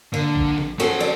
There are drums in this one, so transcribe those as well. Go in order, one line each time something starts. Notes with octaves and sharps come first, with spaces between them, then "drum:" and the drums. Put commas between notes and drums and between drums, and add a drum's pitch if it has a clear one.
D3 A#3
drum: kick A1
drum: snare
C#4 F#4 G#4 A4 C5
D5 A5, drum: snare